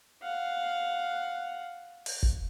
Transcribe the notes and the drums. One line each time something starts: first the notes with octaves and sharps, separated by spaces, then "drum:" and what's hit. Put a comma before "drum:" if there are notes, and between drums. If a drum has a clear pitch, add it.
F5 F#5
drum: open hi-hat
drum: kick G1